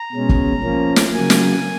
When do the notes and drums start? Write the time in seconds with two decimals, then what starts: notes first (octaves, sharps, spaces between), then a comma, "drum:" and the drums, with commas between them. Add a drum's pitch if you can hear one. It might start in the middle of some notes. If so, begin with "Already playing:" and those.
Already playing: A#5
0.13 B2 G#3 C#4
0.29 drum: kick
0.63 F3 A#3 C#4
0.96 drum: snare
1.13 C#3 F#3 A#3 G#5
1.30 drum: snare